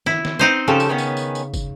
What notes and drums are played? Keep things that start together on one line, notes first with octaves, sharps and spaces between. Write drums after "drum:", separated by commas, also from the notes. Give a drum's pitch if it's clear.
E4, drum: snare
drum: snare
C4 D#4 C5
C#3 F3 G4 A4
drum: tambourine
D#3 B3 C#4
drum: tambourine
drum: tambourine
drum: tambourine
drum: kick, tambourine